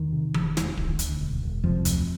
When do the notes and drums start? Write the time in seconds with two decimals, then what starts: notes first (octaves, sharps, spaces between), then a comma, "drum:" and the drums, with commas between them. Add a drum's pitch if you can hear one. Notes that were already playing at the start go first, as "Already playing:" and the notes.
Already playing: E2 D#3
0.12 C3
0.34 F1, drum: tom E3
0.57 E2, drum: snare
0.77 D2, drum: kick D1
0.99 D2, drum: hi-hat
1.21 E1
1.43 E1
1.64 F2 C3 F3
1.85 D2, drum: hi-hat